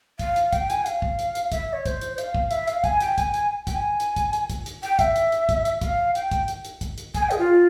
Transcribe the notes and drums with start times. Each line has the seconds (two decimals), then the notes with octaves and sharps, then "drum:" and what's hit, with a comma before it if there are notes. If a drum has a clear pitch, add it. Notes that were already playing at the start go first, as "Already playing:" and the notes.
0.19 F5, drum: kick, hi-hat
0.36 drum: hi-hat
0.53 G5, drum: kick, hi-hat
0.70 G#5, drum: hi-hat
0.86 F5, drum: hi-hat
1.02 drum: kick
1.19 drum: hi-hat
1.35 drum: hi-hat
1.52 E5, drum: kick, hi-hat
1.73 C#5
1.86 C5, drum: kick, hi-hat
2.01 drum: hi-hat
2.18 F5, drum: hi-hat
2.35 drum: kick
2.51 E5, drum: hi-hat
2.68 F5, drum: hi-hat
2.84 G#5, drum: kick, hi-hat
3.00 G5, drum: hi-hat
3.18 G#5, drum: kick, hi-hat
3.34 drum: hi-hat
3.67 G5, drum: kick, hi-hat
3.75 G#5
4.00 drum: hi-hat
4.16 drum: kick, hi-hat
4.33 drum: hi-hat
4.50 drum: kick, hi-hat
4.66 drum: hi-hat
4.83 G5, drum: hi-hat
4.99 E5, drum: kick, hi-hat
5.16 drum: hi-hat
5.32 drum: hi-hat
5.49 drum: kick, hi-hat
5.65 drum: hi-hat
5.81 F5, drum: kick, hi-hat
6.15 G5, drum: hi-hat
6.31 drum: kick, hi-hat
6.48 drum: hi-hat
6.65 drum: hi-hat
6.81 drum: kick, hi-hat
6.98 drum: hi-hat
7.15 G#5, drum: kick, hi-hat
7.23 G5
7.31 G#4, drum: hi-hat
7.38 F4